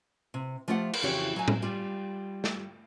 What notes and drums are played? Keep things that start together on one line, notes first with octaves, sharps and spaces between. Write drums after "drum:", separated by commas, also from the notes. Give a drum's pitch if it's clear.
C3
F3 A3 F4 G4 F#5
drum: cymbal
F2 C#3 E3 F#4 G4 C#5
F#3 G#5
drum: tom A2
G3 F4 G4
drum: snare